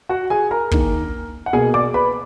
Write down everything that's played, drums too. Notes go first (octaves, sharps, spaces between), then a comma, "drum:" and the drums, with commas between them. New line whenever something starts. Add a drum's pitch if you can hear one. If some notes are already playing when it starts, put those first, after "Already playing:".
F#4 F#5
G#4 G#5
A#4 A#5
D#3 A#3, drum: kick
F#5
B2 A#3 G#4 G#5
D5 D6
B4 B5